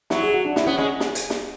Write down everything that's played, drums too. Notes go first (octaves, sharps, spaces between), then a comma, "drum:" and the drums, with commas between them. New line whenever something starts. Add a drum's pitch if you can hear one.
F#3 E4, drum: snare
G#4
F#4
D4
E4, drum: snare
B3 C#4
G#3 C#4
drum: snare
drum: hi-hat
drum: snare